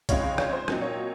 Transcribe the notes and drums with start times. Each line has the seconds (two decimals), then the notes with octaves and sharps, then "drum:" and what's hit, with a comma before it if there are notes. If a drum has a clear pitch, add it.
0.09 C#3 F3 G#3 C4 D#4 C#5 F5, drum: kick B1, hi-hat
0.38 C#5, drum: rim click
0.53 C5
0.68 A#2 F#3 C4 D#4, drum: rim click
0.81 C#5